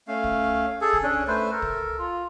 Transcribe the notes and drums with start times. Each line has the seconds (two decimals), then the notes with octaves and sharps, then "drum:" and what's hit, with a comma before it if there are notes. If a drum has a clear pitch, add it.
0.08 A3 C#4 F5
0.24 drum: kick
0.81 G#4 A4
0.93 drum: kick
1.03 C#4 D4
1.28 A3 B4 C5
1.51 A4 A#4
1.62 drum: kick
1.99 F4